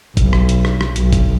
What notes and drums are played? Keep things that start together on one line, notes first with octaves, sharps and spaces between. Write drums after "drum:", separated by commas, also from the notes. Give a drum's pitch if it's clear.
B1, drum: kick F#1, hi-hat
drum: rim click
drum: hi-hat
drum: rim click
drum: rim click
B1, drum: hi-hat
drum: kick F#1, hi-hat